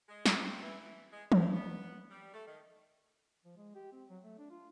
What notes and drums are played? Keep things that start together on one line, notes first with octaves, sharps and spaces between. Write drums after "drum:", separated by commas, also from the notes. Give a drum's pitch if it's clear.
G#3
E4, drum: snare
C4
E3
E3
G#3
A2, drum: tom E3
B3
G3
A3
D#3
F3
G#3
G4
C4
F#3
A3
D4
F4